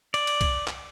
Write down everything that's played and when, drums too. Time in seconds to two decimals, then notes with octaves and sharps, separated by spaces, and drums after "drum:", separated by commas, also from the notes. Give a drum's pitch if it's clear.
0.14 D5, drum: cymbal
0.27 drum: cymbal
0.41 drum: kick C2, cymbal
0.67 drum: clap